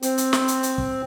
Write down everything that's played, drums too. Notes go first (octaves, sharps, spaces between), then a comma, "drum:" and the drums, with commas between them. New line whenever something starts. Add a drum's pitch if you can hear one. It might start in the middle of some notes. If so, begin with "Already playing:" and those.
C4, drum: hi-hat
drum: hi-hat
drum: snare
drum: hi-hat
drum: hi-hat
drum: kick